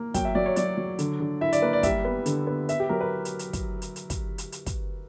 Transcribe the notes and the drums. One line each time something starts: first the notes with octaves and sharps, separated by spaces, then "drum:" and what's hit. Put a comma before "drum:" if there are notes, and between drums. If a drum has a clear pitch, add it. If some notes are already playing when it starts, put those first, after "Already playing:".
Already playing: A#3
F#3 G5, drum: kick, hi-hat
E5
F#3 D5
C#5
F#3 D5, drum: hi-hat
F#3
D3, drum: hi-hat
D3
E4 E5
D5, drum: hi-hat
A#3 B4
D5
G3 E5, drum: kick, hi-hat
B3
D3, drum: hi-hat
B3
B3 E5, drum: hi-hat
G4
F#3 A#4
B4
drum: hi-hat
drum: hi-hat
drum: kick, hi-hat
drum: hi-hat
drum: hi-hat
drum: kick, hi-hat
drum: hi-hat
drum: hi-hat
drum: kick, hi-hat